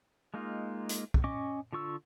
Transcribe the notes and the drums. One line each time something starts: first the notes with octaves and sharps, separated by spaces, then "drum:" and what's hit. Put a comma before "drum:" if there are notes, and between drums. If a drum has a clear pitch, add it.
G#3 A#3 D#4 F4
drum: hi-hat
drum: kick
C#4 D#5 C#6 D6
D3 F4 C#6 E6